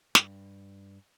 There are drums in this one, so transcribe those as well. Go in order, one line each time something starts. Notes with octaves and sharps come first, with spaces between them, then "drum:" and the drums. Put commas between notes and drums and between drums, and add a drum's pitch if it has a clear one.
G2, drum: snare